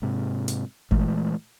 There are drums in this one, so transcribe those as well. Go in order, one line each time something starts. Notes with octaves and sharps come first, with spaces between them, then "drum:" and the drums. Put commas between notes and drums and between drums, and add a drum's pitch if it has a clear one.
G#2 C3
drum: hi-hat
A#2 E3 G#3 A3, drum: kick G1